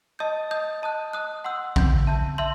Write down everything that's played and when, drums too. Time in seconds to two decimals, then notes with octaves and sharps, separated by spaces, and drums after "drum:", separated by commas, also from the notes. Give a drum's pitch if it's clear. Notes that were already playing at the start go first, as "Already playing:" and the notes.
0.19 D#5 A5 D#6 G6
0.51 D#5 A5 D#6 G6
0.82 D#5 A5 D#6 F#6
1.13 D#5 A5 D#6 F#6
1.44 F#5 C6 E6 G6
1.76 F#5 C6 E6 G6, drum: kick A#1
2.07 E5 A5 C6 E6 G6
2.38 E5 A5 C6 E6 G6